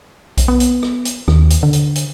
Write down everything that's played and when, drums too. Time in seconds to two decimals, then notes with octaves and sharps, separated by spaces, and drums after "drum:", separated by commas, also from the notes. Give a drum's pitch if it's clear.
0.38 drum: kick B1, hi-hat
0.48 B3
0.60 drum: hi-hat
0.83 drum: rim click
1.05 drum: hi-hat
1.28 D#2, drum: rim click
1.50 drum: hi-hat
1.63 D3
1.73 drum: hi-hat
1.95 drum: hi-hat